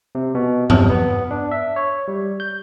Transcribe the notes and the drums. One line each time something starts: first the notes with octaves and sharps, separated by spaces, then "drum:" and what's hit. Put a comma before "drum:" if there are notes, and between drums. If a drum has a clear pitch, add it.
C3
B2
C3, drum: tom G2
B3
D4
E5
C#5
G3
G6